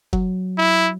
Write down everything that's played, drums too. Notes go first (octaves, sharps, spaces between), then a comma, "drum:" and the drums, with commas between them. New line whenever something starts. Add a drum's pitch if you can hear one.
F#3, drum: kick F#1
E4